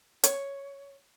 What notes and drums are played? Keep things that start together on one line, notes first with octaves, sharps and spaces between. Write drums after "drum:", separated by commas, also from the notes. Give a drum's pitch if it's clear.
C#5, drum: hi-hat